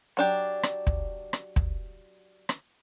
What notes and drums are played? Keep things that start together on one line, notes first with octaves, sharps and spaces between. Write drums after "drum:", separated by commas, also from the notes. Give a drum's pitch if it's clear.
F#3 D4 G4
drum: rim click
drum: kick
drum: rim click
drum: kick
drum: rim click